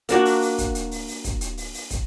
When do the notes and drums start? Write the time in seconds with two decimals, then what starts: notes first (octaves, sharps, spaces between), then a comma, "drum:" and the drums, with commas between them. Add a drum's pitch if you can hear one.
0.09 A#3 D4 F#4, drum: hi-hat
0.25 drum: open hi-hat
0.42 drum: open hi-hat
0.58 drum: kick, hi-hat
0.75 drum: hi-hat
0.91 drum: open hi-hat
1.08 drum: open hi-hat
1.24 drum: kick, hi-hat
1.41 drum: hi-hat
1.57 drum: open hi-hat
1.74 drum: open hi-hat
1.90 drum: kick, hi-hat